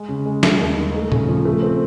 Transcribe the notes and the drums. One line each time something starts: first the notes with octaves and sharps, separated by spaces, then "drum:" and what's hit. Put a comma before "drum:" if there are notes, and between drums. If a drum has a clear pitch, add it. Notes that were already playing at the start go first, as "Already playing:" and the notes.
Already playing: G#3
C#3
G#3
G3, drum: snare
D#2
D#3
A3
C#3, drum: tom A#2
F3
A3
C4